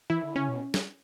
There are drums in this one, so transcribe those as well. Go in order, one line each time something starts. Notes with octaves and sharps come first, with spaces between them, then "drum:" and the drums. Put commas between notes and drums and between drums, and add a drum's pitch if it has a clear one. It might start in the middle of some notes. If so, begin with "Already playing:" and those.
E3 E4
D3
C#3 C#4
B2
drum: snare